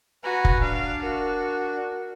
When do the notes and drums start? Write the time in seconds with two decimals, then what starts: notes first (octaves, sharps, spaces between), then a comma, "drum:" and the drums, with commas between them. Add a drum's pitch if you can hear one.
0.24 F#4 B4 G#5 A#5
0.45 drum: kick F1
0.62 D4 F5 D7
1.03 F#4 A#4